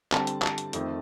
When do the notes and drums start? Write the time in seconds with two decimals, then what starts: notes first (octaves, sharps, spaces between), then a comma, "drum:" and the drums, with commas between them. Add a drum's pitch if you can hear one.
0.12 D3 G3 C4 A5, drum: clap
0.27 drum: hi-hat
0.42 A5, drum: clap
0.58 drum: hi-hat
0.73 F2 D#3 A3 C4, drum: hi-hat